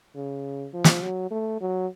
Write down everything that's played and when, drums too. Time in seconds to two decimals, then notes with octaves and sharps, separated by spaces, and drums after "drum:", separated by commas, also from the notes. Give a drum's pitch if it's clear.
0.15 C#3
0.74 F3
0.84 drum: snare
1.03 F#3
1.31 A3
1.61 F#3